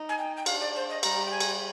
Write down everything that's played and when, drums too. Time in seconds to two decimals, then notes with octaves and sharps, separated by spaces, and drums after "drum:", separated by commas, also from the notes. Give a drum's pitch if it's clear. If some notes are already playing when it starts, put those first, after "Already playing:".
Already playing: D#4
0.09 G#5
0.19 G5
0.37 G5
0.46 D4 F5, drum: cymbal
0.60 D5
0.75 C5
0.90 D#5
1.03 G3 A#5, drum: cymbal
1.27 G5
1.31 G#5
1.40 drum: cymbal